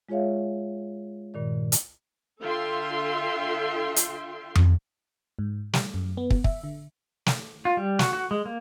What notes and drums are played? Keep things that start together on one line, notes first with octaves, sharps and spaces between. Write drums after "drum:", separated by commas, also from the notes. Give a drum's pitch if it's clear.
G#3 F4 G#4 C#5 E5 F5
G2 A#2 D#3 D5
drum: hi-hat
D3 F4 A4 E5 G5 C6
drum: hi-hat
drum: tom F2
G#2
G3, drum: snare
F#2
B3
drum: kick
E5, drum: kick
D3
drum: snare
F4
G3
F#4, drum: snare
F#4
G#3
A#3